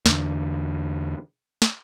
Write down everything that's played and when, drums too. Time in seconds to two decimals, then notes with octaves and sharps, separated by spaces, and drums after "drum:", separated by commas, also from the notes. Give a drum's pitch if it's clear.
0.06 E2 D3, drum: snare
1.62 drum: snare